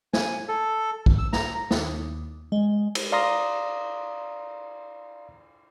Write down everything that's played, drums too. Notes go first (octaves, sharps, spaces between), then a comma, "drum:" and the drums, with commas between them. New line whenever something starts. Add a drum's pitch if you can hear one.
G#5, drum: snare
A4
drum: kick
E6
A#5, drum: snare
D#2, drum: snare
G#3
drum: cymbal
D5 F5 A#5 C6 D#6 A#6